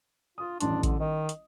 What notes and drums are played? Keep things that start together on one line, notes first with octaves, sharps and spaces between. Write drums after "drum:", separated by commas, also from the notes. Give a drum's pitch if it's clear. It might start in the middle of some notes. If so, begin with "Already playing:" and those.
F4 D#6
D#1 A1 D4 C6, drum: hi-hat
D3, drum: kick A1, hi-hat
D#3 D#5
drum: hi-hat